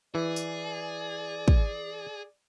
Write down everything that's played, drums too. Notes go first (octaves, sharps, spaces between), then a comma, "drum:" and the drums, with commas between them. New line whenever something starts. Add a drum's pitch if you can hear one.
E3 G#4 D5
drum: tambourine
drum: kick